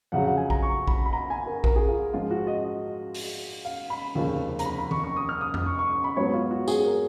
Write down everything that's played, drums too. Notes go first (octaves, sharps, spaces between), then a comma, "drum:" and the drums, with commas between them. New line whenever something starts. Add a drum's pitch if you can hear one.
F2 C#3 F#3 F#5
F#5
G#5
A#5, drum: kick A#1
C#6
B5, drum: kick A#1
B5
A#5
G#5
A#4
A#4, drum: kick A#1
G#4
F4
G#2 F3 G#3 F4
F#4
D#5
D#5
drum: open hi-hat
F5
B5
F1 D#2 C#3 F3
A#5, drum: hi-hat
B5
B5
C#6, drum: tom D#3
C#6
D#6
F6
D#6
F6, drum: tom F2
C#6
C#6
C#6
B5
G#2 F#3 B3 C#5
F4
F#4
G#4, drum: tambourine
A#4